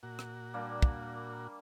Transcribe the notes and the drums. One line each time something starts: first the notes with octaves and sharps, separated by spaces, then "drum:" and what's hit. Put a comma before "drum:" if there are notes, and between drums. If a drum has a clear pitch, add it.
A#2 F#4
drum: rim click
G3 A#3 D4
drum: kick